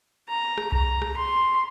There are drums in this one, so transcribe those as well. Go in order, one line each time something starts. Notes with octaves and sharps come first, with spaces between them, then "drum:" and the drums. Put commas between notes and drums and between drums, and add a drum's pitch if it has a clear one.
A#5
drum: rim click
A#5, drum: kick C2
drum: rim click
C6